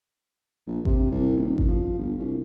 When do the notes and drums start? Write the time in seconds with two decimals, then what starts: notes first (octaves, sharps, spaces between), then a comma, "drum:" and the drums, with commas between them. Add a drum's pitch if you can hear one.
0.67 A#1
0.85 C3, drum: kick G#1
1.11 C2
1.37 D#1
1.58 drum: kick G#1
1.67 F3
1.99 G1
2.19 C2